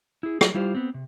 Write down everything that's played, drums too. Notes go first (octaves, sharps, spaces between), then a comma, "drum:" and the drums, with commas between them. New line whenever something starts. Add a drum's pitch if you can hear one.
E4 G#4
F#3, drum: rim click
G3 E4 F4 G4 C5
B3 C4
C3